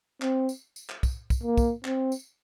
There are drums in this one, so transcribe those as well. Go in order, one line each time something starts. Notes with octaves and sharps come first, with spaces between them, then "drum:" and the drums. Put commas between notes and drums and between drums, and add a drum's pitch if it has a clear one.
C4, drum: clap
drum: tambourine
drum: tambourine
drum: clap
drum: kick, tambourine
drum: kick, tambourine
A#3
drum: kick, tambourine
C4, drum: clap
drum: tambourine